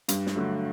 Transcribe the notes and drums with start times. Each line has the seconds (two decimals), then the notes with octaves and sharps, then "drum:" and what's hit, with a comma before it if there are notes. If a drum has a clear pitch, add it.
0.09 G2, drum: hi-hat
0.26 drum: snare
0.36 D3 F#3 A3